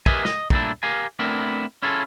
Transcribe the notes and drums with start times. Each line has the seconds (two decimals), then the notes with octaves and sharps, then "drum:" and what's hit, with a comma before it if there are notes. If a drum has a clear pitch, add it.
0.06 G4 A#4 B4 D#5 E5 G#5, drum: kick
0.25 D#5, drum: snare
0.50 G2 A#2 A3 D4 E4, drum: kick
0.83 G4 A#4 F5 G#5
1.19 A3 B3 C4 D4 E4 A#4
1.82 C#4 E4 F4 G#4 A4